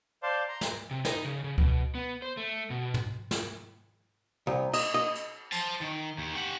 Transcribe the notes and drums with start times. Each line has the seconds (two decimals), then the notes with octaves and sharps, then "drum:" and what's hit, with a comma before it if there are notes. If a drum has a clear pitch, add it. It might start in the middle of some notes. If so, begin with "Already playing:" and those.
0.23 C5 D5 F5 A5 C6
0.48 A#5 C6
0.61 drum: snare
0.91 C3
1.05 D#4, drum: snare
1.25 C#3
1.44 C#3
1.58 B2, drum: kick C#2
1.95 B3
2.22 C5
2.37 A3
2.70 B2
2.94 drum: tom
3.31 drum: snare
4.47 C2
4.73 D#5, drum: cymbal
4.94 D#5
5.15 drum: hi-hat
5.52 C5 A5, drum: tambourine
5.81 D#3
6.18 D#2
6.35 G4 F#5